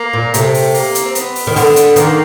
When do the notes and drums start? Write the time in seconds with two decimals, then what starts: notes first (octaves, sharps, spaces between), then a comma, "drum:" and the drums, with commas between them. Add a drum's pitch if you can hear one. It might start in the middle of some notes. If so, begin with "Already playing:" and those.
Already playing: A#3
0.13 A#2
0.34 C3 A3, drum: hi-hat
0.54 drum: open hi-hat
0.74 A#3, drum: open hi-hat
0.95 drum: hi-hat
1.05 C4
1.15 B3, drum: hi-hat
1.35 drum: open hi-hat
1.47 D#3
1.56 D3, drum: open hi-hat
1.76 drum: hi-hat
1.96 D#3 A#3, drum: hi-hat